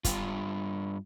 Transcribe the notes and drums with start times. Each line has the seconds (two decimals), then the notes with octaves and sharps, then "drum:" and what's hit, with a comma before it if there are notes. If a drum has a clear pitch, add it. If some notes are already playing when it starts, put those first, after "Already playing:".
0.04 G2 F4, drum: kick, hi-hat